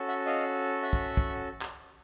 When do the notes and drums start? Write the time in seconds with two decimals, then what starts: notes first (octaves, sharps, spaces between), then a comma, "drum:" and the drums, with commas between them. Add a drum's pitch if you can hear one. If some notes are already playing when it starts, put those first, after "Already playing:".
Already playing: C#4 F#4 A4
0.08 E5 F#5
0.26 D#5 F5
0.82 E5 F#5
0.93 drum: kick
1.17 drum: kick
1.62 drum: clap